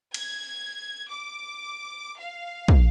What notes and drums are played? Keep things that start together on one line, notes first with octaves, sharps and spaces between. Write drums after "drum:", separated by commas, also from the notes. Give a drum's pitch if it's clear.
G#6, drum: cymbal
D6
F5
drum: kick